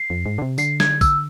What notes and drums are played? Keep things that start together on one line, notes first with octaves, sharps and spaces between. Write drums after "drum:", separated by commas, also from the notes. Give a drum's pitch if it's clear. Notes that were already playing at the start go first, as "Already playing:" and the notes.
Already playing: C7
F2
G#2
D3
C3
D3 C7, drum: tambourine
G#6, drum: snare
E6, drum: kick, tambourine